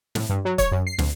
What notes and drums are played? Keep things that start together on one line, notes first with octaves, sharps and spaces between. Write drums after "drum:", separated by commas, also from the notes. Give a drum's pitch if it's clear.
A2, drum: snare
G2
F#3
C#5, drum: kick, hi-hat
F#2
C7
D2, drum: snare